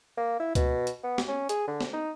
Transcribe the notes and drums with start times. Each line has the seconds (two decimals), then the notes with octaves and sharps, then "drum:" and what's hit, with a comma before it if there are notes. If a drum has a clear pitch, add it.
0.17 A#3
0.40 E4
0.55 B2, drum: kick C#2, hi-hat
0.87 drum: hi-hat
1.04 B3
1.18 drum: snare
1.28 C#4
1.49 G#4, drum: hi-hat
1.68 D3
1.81 drum: snare
1.93 D#4